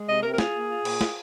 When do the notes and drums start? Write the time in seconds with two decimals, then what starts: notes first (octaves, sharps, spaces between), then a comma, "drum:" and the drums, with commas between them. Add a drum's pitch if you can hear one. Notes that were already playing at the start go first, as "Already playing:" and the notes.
Already playing: G#3
0.08 C3 D#5
0.23 C3 A#4
0.33 A#4
0.38 F4 G#4, drum: snare
0.54 A#3
0.69 F4
0.85 A#2, drum: cymbal
1.01 F4, drum: snare